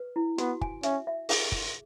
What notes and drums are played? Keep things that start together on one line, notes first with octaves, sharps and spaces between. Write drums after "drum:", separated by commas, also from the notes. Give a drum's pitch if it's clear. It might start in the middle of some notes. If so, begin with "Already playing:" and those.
Already playing: B4
E4
B3 F#4, drum: hi-hat
G#5, drum: kick
C#4 E5, drum: hi-hat
E5
G#4, drum: open hi-hat
drum: kick